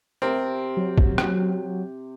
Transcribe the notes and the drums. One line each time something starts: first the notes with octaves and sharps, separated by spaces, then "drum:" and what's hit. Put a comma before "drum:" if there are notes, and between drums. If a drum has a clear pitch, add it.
C3 C4 A#4
F#3
drum: kick
drum: rim click